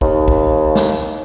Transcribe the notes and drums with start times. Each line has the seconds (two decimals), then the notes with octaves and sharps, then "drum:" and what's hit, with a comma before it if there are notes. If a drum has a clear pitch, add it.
0.01 D#2, drum: kick B1
0.28 drum: kick B1
0.75 drum: snare